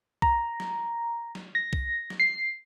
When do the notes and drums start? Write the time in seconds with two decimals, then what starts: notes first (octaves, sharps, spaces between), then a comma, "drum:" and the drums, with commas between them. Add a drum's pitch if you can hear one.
0.22 A#5, drum: kick
0.60 drum: snare
1.35 drum: snare
1.55 A#6
1.73 drum: kick
2.10 drum: snare
2.20 C7